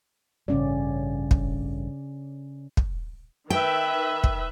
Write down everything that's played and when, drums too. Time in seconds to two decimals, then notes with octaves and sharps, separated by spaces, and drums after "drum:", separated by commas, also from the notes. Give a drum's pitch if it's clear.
0.48 A1 G2 C#3 C#4 D5
1.31 drum: kick
2.77 drum: kick
3.50 D#3 B4 E5 G5
4.24 drum: kick